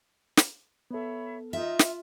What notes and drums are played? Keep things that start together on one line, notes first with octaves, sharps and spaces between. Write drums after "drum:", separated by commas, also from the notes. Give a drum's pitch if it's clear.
drum: snare
B3 A4 C#5 E5 B5
D#4 F4 D#5 E5
drum: snare